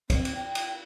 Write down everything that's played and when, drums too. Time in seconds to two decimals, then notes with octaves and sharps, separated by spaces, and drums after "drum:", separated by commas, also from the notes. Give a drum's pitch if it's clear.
0.10 C4, drum: kick, cymbal
0.25 drum: cymbal
0.35 G5
0.55 drum: cymbal